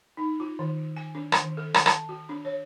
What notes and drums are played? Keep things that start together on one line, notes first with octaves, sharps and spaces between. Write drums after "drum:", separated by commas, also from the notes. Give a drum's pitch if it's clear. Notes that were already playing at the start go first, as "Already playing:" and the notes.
D#4
F4
D#3
G#5
D4
drum: rim click
D#3
A4
drum: rim click
A5, drum: rim click
F#4
D4
C#5